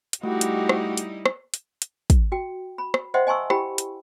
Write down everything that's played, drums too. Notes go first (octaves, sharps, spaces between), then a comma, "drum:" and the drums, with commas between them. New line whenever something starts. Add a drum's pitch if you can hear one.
drum: hi-hat
G3 A3 D#4 E4 F#4 G4
drum: hi-hat
drum: rim click
drum: hi-hat
drum: rim click
drum: hi-hat
drum: hi-hat
drum: kick, hi-hat
F#4 G5
B5
drum: rim click
C5 D#5 E5 F#5 G5 C6
D#5 G#5 A5 C6 C#6 E6
E4 G4 G5 B5, drum: rim click
drum: hi-hat